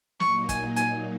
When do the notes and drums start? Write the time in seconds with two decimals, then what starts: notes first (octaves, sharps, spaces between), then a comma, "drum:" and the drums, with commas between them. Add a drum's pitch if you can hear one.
0.20 A#2 F#3 A#3 D#4 C#6, drum: snare
0.49 G#5, drum: kick, hi-hat
0.76 G#5, drum: hi-hat